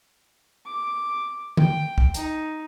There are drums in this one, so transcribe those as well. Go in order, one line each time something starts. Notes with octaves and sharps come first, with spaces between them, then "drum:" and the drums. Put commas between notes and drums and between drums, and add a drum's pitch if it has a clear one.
D6
G5, drum: tom D3
drum: kick
D#4, drum: hi-hat